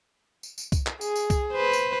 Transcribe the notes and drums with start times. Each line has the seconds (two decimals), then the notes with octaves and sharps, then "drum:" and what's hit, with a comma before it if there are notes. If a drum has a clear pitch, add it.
0.43 drum: tambourine
0.58 drum: tambourine
0.72 drum: kick C2, tambourine
0.87 drum: clap
1.01 G#4, drum: tambourine
1.16 drum: tambourine
1.30 drum: kick C2, tambourine
1.53 B4 C5
1.73 drum: tambourine